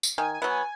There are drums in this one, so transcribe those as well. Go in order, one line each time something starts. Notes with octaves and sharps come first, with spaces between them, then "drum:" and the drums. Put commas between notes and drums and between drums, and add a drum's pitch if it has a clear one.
drum: tambourine
D#3 G#5
G#5
F#3 B3
G#5